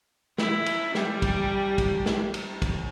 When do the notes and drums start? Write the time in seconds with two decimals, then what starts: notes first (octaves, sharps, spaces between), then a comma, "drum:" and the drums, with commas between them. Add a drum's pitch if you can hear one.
0.38 E4, drum: snare
0.66 drum: cymbal
0.95 G3, drum: snare
1.22 drum: kick, cymbal
1.78 drum: kick, cymbal
2.06 drum: snare
2.34 drum: cymbal
2.62 drum: kick, cymbal